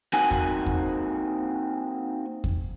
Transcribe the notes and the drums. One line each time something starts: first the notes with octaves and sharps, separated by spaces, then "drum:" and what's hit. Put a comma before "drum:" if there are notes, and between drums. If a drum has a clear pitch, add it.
A#3 C4 D#4 F#4 F#5 G#5
drum: kick E2
drum: kick E2
drum: kick E2